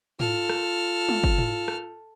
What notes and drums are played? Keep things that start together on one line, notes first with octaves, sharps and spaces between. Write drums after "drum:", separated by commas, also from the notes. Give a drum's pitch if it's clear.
F4 A4 F6, drum: tom G#2
drum: rim click
drum: tom
drum: kick
drum: tom G#2
drum: rim click